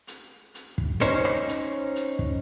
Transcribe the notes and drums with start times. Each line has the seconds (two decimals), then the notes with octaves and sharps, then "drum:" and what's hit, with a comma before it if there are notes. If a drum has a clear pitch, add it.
0.07 drum: hi-hat
0.54 drum: hi-hat
0.78 drum: kick
1.01 C#4 D#4 C5 C#5, drum: rim click
1.25 drum: rim click
1.48 drum: hi-hat
1.95 drum: hi-hat
2.19 drum: kick